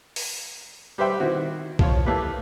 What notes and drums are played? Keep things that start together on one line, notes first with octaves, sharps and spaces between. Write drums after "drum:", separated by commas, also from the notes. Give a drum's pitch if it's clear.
drum: open hi-hat
G3 G4 B4 C5 E5 G5
D#3 C4 E4 F#4
F3 F4 C#5, drum: kick B1
A3 A#3 E4 G4 B4